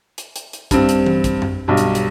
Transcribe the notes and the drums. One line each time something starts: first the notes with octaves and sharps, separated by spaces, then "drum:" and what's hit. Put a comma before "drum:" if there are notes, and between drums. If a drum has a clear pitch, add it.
drum: hi-hat
drum: hi-hat
drum: hi-hat
G2 C4, drum: kick, hi-hat
drum: hi-hat
drum: tom E3
drum: kick, hi-hat
drum: tom F#2
B1 G2
drum: hi-hat
drum: hi-hat